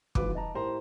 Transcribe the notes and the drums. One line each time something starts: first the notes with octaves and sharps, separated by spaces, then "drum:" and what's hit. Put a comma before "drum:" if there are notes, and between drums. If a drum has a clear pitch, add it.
D1 G#1 F4 B4 D6, drum: kick
D#5 A5 A#5
A2 G4 A#4 C5 A#5 C6